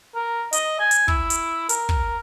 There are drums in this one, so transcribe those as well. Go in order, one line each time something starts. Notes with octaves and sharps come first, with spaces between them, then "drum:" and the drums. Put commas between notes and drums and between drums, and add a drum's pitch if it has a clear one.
A#4
D#5, drum: hi-hat
G#5
drum: hi-hat
E4, drum: kick
drum: hi-hat
A#4, drum: hi-hat
drum: kick